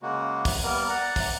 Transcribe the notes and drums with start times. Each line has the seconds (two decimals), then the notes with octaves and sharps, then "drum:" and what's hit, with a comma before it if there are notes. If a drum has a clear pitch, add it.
0.02 C#3 G#3 A#3 F#4
0.45 drum: kick, open hi-hat
0.63 G3 A#3 B3 A#4
0.89 D5 F#5 A#5
1.16 drum: kick, open hi-hat